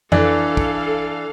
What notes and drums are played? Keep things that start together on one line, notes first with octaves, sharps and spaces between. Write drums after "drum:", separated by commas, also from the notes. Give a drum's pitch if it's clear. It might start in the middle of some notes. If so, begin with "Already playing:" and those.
E3 D4 A4 F5, drum: tom F2
drum: kick